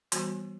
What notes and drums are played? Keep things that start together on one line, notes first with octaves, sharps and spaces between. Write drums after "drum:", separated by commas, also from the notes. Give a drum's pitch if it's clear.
E3 G3 B3 F#4 C5, drum: hi-hat